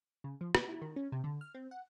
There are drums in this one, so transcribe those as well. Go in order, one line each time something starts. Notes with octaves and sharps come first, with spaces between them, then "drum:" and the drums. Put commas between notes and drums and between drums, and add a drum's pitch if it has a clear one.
C#3
F3
B4, drum: rim click
E4
D#3
C#4
C3
D3
F6
C4
F#5